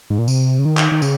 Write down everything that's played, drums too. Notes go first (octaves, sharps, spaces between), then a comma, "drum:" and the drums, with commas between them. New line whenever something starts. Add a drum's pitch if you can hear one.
G#2
A#2
C3, drum: tambourine
C#3
D#3
drum: clap
D#3
C#3, drum: tambourine